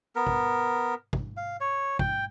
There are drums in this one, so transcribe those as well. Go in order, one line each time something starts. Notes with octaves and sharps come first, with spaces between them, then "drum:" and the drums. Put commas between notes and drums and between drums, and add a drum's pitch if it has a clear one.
B3 A#4
drum: kick
drum: kick
F5
C#5
G5, drum: kick